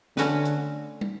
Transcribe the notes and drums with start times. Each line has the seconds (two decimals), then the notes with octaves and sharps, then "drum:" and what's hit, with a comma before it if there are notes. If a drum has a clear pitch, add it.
0.17 D3 A3 C#4 F#4 B4, drum: snare
0.45 drum: hi-hat
1.01 drum: tom